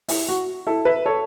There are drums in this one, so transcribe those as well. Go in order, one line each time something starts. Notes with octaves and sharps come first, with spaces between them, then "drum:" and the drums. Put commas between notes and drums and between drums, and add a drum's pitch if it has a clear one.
E4, drum: open hi-hat
F#4
E4 A4
B4 E5
A4 C#5